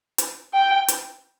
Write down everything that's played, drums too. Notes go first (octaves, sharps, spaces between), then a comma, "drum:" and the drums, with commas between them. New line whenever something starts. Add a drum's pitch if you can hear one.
drum: hi-hat
G5
drum: hi-hat